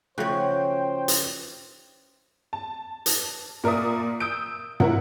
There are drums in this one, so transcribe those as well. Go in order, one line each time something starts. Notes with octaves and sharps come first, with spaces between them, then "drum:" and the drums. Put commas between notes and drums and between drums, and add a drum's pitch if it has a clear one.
C#3 F3 A3 F#4 C5 C#5 G5
drum: hi-hat
A5
drum: hi-hat
A#2 A#4 D5 E5 D#6
D#6 E6 G6 D7
E4 A#4 F#5, drum: tom